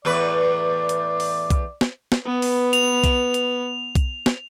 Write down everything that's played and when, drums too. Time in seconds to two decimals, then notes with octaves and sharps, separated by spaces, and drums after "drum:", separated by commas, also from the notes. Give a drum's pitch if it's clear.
0.05 E2 A2 B4 D5
0.89 drum: hi-hat
1.20 drum: open hi-hat
1.50 drum: kick B1, hi-hat
1.81 drum: snare
2.12 drum: snare
2.26 B3 B4
2.42 drum: open hi-hat
2.73 F7, drum: hi-hat
3.04 drum: kick B1, hi-hat
3.34 drum: hi-hat
3.95 drum: kick B1, hi-hat
4.26 drum: snare